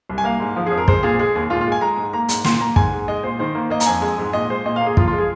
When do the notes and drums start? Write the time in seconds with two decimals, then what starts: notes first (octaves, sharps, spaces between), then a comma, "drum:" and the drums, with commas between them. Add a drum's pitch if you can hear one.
0.09 C2
0.18 G#5
0.24 A#3 F5
0.40 G#2
0.56 F3
0.66 F2 G#4
0.78 A#4
0.88 G#3 C5, drum: kick
1.03 A#2 G#4
1.19 G#3 G#4
1.35 D#2
1.50 A#2 F4
1.61 F4
1.67 G#3
1.72 G#5
1.81 G#3 A#5
1.97 G#2
2.13 A#3 A#5
2.29 G#2, drum: hi-hat
2.44 A#2 C6, drum: snare
2.60 A#3 A#5
2.76 G#2 G#5, drum: kick
2.92 G#3
3.08 G#3 D#5
3.23 A#2 C5
3.39 D#3 C5
3.55 A#3
3.70 A#3 D#5
3.80 A#5, drum: hi-hat
3.86 F2 G#5
4.02 G#3 G#5
4.18 G#2
4.33 A#2 D#5
4.50 G#3 C5
4.65 A#2 D#5
4.76 F5
4.81 A#3
4.86 G#4
4.97 F3 F4, drum: kick
5.07 G#3 F4
5.18 G#4